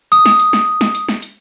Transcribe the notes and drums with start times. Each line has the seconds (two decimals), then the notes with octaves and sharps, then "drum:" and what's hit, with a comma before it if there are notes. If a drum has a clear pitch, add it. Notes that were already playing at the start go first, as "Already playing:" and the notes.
0.12 D#6, drum: hi-hat
0.26 drum: snare
0.39 drum: hi-hat
0.53 drum: snare
0.81 drum: snare
0.95 drum: hi-hat
1.09 drum: snare
1.22 drum: hi-hat